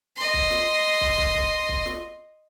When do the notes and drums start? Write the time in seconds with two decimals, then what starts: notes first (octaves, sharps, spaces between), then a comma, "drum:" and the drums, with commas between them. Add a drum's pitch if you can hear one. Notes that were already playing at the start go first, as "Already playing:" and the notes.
0.17 D#5 C6
0.34 drum: kick
0.50 drum: snare
1.01 drum: kick
1.18 drum: kick
1.35 drum: kick
1.69 drum: kick
1.86 drum: snare